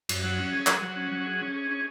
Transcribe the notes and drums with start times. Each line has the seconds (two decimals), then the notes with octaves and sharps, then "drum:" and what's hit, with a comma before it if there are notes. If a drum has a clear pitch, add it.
0.09 F#2, drum: cymbal
0.23 F#3
0.38 C#4
0.53 G#4
0.67 F#3, drum: clap
0.82 F#3
0.96 C#4
1.11 F#3
1.26 G#4
1.41 C#4
1.56 G#4
1.71 C#4